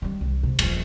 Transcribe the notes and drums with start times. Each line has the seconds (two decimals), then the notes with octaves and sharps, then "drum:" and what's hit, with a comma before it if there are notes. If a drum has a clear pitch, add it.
0.02 D#3 G3
0.21 C2
0.43 C3
0.59 D#1 F3, drum: cymbal